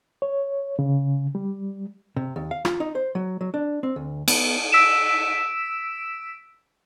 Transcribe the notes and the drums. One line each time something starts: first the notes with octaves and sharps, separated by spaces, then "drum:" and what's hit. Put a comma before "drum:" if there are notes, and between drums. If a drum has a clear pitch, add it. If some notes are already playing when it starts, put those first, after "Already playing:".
C#5
C#3
G3
C3
D#2
F5
F4, drum: rim click
D#4
C5
F#3
F#3
D4
C4
D2
B3, drum: cymbal
E6 B6 D7 E7